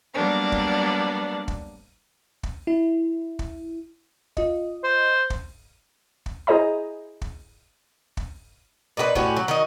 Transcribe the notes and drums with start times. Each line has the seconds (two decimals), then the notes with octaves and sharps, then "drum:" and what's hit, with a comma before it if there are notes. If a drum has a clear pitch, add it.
0.15 F#3 G3 A#3 B3 D4
0.52 drum: kick
1.48 drum: kick
2.43 drum: kick
2.67 E4
3.39 drum: kick
4.37 F4 D#5, drum: kick
4.84 C5
5.30 drum: kick
6.26 drum: kick
6.47 E4 G#4 C5 D#5 A#5
7.22 drum: kick
8.17 drum: kick
8.97 A#2 D#4 F#4 B4
9.15 A2 C#4 F#4 G4, drum: kick
9.36 F#3
9.48 D#3 F#4 D#5